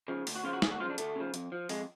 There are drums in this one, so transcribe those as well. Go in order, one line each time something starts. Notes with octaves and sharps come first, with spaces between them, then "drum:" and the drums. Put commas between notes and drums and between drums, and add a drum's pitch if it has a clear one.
C#3 F3
D2, drum: open hi-hat
F#4
C#3 F3 F4
F#4
D2 G#4, drum: snare
F#4
C#3 F3 F4
D4
D2 A3, drum: hi-hat
C#3 F3
F2, drum: hi-hat
F3
F2 G#3, drum: open hi-hat